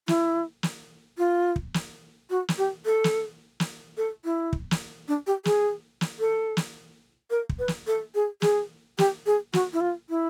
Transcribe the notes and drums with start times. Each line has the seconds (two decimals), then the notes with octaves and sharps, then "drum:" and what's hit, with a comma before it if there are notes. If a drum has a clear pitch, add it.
0.08 E4, drum: snare
0.63 drum: snare
1.18 F4
1.56 drum: kick
1.74 drum: snare
2.30 F#4
2.49 drum: snare
2.58 G4
2.86 A4
3.04 drum: snare
3.60 drum: snare
3.97 A4
4.25 E4
4.53 drum: kick
4.71 drum: snare
5.08 D4
5.27 G4
5.45 G#4, drum: snare
6.01 drum: snare
6.20 A4
6.57 drum: snare
7.30 A#4
7.49 drum: kick
7.59 B4
7.68 drum: snare
7.87 A4
8.15 G#4
8.42 G#4, drum: snare
8.98 G4, drum: snare
9.26 G#4
9.53 F#4, drum: snare
9.73 E4
9.81 F4
10.10 E4